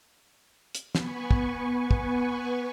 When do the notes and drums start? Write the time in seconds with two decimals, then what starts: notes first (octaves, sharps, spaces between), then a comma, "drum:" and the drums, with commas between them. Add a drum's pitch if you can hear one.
0.75 drum: hi-hat
0.95 B3 B4 G#5 C#6, drum: snare
1.31 drum: kick
1.91 drum: kick